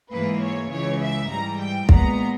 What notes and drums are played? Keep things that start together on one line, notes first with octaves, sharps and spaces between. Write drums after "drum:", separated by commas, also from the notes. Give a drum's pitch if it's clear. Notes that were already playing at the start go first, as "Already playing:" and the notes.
G#2 E3 A#3 B4
C#5
C#2 C#3 E3 C#5
E5
G#2 E3 G3 A#5
G5
A#2 G#3 B3 A#5, drum: kick